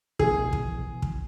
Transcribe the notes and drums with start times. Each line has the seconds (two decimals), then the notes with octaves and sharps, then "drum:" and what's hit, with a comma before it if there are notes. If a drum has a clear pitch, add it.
0.19 B2 E3 G#4, drum: kick
0.53 drum: kick
1.02 drum: kick